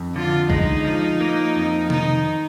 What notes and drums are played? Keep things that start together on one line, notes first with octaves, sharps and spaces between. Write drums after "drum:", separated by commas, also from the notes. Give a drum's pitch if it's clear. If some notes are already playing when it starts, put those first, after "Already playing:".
Already playing: F2
D3 F4
G#3 D#4, drum: kick
F3
A#3
F2
D#3 D#4, drum: tom C3